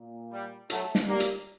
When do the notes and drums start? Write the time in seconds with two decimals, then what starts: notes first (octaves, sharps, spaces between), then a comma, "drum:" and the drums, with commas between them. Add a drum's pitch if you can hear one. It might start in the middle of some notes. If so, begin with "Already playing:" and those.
Already playing: A#2
0.32 G3
0.70 F#3 A3, drum: hi-hat
0.95 drum: snare
1.08 G3 A#3
1.20 drum: hi-hat